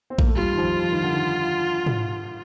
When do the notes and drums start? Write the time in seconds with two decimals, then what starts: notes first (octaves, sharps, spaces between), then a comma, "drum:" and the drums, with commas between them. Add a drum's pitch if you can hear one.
0.10 C4
0.19 A#3, drum: kick A#1
0.27 A3
0.36 G2 G3 F4
0.54 D#3
0.57 F2 F3
0.80 F3
0.91 D#3
1.03 D3
1.13 D#3
1.86 drum: tom